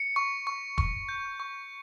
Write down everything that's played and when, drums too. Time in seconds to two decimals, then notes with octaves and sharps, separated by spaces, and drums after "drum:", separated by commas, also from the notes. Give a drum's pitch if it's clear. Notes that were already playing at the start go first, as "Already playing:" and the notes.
Already playing: C#7
0.16 C#6
0.47 C#6
0.78 C#6, drum: kick E1
1.09 G6
1.40 C#6